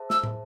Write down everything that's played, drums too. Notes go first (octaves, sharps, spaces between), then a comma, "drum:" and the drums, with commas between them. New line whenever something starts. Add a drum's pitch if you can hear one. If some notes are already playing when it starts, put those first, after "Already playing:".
Already playing: G#4 C5 E5 A5
E6, drum: snare
drum: tom